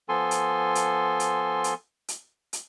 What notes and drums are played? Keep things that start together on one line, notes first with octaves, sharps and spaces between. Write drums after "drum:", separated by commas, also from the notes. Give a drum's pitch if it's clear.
F3 B3 A4 G#5 C6
drum: hi-hat
drum: hi-hat
drum: hi-hat
drum: hi-hat
drum: hi-hat
drum: hi-hat